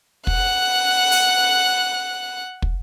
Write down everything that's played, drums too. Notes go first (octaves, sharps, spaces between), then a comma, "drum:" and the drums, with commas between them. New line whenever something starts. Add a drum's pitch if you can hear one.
F#5 F#6, drum: kick
drum: open hi-hat
drum: kick